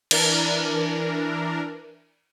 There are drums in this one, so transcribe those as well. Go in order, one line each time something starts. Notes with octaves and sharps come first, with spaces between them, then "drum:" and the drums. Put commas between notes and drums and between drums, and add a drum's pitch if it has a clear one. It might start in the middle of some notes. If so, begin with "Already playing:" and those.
E3 D4 A#4, drum: cymbal